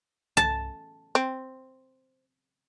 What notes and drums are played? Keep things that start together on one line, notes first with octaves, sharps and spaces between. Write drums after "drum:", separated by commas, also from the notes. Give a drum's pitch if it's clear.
A5, drum: tom C2
C4